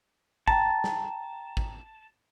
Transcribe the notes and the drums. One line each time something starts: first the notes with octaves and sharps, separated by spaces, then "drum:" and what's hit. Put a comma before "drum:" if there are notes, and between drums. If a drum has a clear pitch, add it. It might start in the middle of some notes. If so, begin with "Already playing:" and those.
G5 A5 A#5, drum: kick G#1
drum: snare
drum: kick G#1